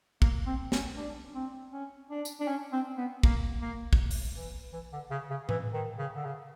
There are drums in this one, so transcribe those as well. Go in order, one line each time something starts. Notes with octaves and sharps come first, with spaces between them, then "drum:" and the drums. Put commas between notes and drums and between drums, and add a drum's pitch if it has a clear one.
A#3, drum: kick
C4
C#4, drum: snare
D4
C4
C#4
D4
drum: tambourine
D4
C#4
C4
B3
A#3, drum: kick
A#3
drum: kick
drum: open hi-hat
E3
E3
D3
C#3
C#3
E3, drum: tom A2
D#3
C#3
D3
C#3